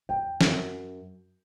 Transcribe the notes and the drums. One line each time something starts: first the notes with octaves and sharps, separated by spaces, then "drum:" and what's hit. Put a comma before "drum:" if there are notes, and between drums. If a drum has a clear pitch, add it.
E2 G5
F#2, drum: snare